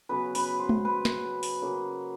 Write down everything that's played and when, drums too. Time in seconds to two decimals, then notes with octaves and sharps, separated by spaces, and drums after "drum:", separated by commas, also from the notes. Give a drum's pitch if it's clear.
0.09 C#3 F#3 B3 B4
0.35 B4, drum: open hi-hat
0.59 C5
0.69 drum: tom G#3
0.85 B4
1.05 drum: snare
1.43 drum: open hi-hat
1.62 C#3 F#3 A#3